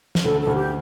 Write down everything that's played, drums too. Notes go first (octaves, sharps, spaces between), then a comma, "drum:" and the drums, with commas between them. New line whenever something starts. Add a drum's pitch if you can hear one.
drum: snare
D2 A4
A4
D2
G4